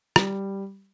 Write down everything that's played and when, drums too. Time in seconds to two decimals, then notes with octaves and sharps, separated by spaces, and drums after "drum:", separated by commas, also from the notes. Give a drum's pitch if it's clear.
0.16 G3, drum: rim click